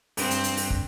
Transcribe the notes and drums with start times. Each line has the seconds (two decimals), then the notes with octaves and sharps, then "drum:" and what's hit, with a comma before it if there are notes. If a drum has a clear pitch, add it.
0.17 G2 C4, drum: open hi-hat
0.30 drum: hi-hat
0.44 drum: hi-hat
0.57 drum: open hi-hat
0.70 drum: kick